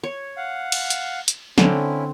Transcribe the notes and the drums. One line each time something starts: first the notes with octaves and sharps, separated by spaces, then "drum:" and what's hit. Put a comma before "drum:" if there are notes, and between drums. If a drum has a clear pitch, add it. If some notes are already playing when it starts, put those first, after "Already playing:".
C#5
F5 F#5
drum: cymbal
drum: hi-hat
drum: hi-hat
D3 C4 C#4 E4, drum: snare